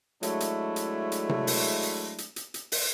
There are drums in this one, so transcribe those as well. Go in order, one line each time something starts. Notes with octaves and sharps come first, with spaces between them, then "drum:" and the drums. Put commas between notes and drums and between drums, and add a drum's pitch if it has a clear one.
F#3 G#3 A3 D4 E4, drum: hi-hat
drum: hi-hat
drum: hi-hat
drum: hi-hat
drum: tom C3
drum: open hi-hat
drum: hi-hat
drum: hi-hat
drum: hi-hat
drum: hi-hat
drum: open hi-hat